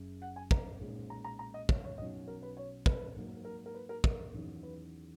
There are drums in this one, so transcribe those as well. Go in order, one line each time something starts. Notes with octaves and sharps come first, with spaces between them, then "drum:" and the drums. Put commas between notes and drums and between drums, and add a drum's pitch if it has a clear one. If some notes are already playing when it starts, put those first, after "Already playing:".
Already playing: F#1 F#2 C#3
F#5
G#5
A#5, drum: kick
B1 A#2 G#3 C#4
A#5
A#5
A#5
D#5
C#5, drum: kick
C#5
B1 B2 F#3 C#4 D#5
A#4
B4
C#5
B4, drum: kick
G#2 F#3 A#3
A#4
A#4
B4
A#4
A#4, drum: kick
E2 D#3 F#3 C#4
B4